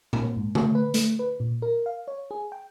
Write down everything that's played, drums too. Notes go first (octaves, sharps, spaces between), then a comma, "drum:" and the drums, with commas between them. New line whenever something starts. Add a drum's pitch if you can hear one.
A#3, drum: tom A#2
G#2
A3, drum: tom D3
B4
A3, drum: hi-hat
B4
A#2
A#4
F5
C#5
G#4
G5